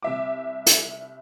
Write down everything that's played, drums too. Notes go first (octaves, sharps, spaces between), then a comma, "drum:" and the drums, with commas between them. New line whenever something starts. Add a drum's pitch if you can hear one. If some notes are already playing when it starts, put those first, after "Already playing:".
C2 E5 D6
drum: hi-hat